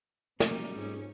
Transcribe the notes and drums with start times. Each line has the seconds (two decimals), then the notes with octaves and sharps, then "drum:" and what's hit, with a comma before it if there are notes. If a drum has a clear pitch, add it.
0.40 F#2 C3 G3 A#3 D#4, drum: snare
0.75 F1 G#2 C#4 G#4